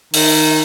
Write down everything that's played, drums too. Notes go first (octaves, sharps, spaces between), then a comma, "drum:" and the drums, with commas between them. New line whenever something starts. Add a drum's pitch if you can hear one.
D#3, drum: open hi-hat